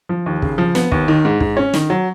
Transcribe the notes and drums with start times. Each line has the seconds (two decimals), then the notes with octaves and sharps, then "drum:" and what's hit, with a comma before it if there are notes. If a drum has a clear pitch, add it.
0.09 F3
0.26 D#2
0.42 C#3, drum: kick
0.58 F3
0.75 B3, drum: snare
0.92 D#2, drum: kick
1.08 D#3
1.25 G#2
1.40 G#2, drum: kick
1.57 C#4
1.74 D#3, drum: snare
1.90 F#3